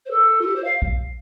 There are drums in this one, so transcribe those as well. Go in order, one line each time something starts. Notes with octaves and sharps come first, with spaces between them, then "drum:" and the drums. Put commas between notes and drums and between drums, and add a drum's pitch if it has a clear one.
C5
A4
F4
G4
C5
F5
drum: kick A#1